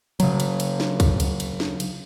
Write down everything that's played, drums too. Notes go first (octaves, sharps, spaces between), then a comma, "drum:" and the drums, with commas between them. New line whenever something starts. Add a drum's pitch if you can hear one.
C#3 F#3, drum: cymbal
drum: cymbal
drum: cymbal
drum: snare
drum: kick C2, cymbal
drum: cymbal
drum: cymbal
drum: snare
drum: cymbal